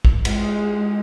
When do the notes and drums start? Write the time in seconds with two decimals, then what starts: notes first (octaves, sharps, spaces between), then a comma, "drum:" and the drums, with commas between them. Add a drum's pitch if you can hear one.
0.05 drum: kick
0.25 G#3, drum: cymbal